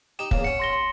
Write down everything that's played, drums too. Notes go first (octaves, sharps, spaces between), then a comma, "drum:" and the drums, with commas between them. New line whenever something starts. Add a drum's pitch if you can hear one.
D#4 G4 E7
E2 C#3 A#3, drum: kick
C#4 F#5 C#7
C6 A#6 G7
C6